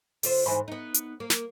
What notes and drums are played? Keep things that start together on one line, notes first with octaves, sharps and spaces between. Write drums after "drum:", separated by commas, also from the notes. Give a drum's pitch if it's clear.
D3 F4 C5, drum: open hi-hat
G#2 E3 C5
B3 D#4
drum: hi-hat
A#3
drum: snare